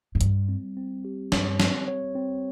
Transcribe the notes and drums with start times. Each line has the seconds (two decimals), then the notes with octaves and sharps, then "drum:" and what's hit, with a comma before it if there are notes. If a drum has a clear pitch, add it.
0.15 G#2
0.21 G2 G3, drum: hi-hat
0.49 C4
0.77 C4
1.05 G4
1.32 G2 C#5, drum: snare
1.60 C4, drum: snare
1.88 C#5
2.15 C4